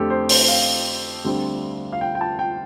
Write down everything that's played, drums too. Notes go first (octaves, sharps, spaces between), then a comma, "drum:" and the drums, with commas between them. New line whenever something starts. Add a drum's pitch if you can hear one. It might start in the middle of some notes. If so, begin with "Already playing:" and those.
Already playing: F2 D3 A3 C4 G4 A4
C5
C5, drum: open hi-hat
F5
D2 D3 G3 C4
F5
G5
G5
A5
G5